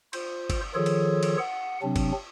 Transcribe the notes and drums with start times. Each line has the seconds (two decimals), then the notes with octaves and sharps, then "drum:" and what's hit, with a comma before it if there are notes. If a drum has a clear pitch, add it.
0.13 F4 C5, drum: cymbal
0.50 drum: kick G1, cymbal
0.75 D#3 F3 F4 G#4 A4 C#5
0.86 drum: cymbal
1.23 drum: cymbal
1.38 F#5
1.83 C3 F#3 C4 D4
1.96 drum: kick G1, cymbal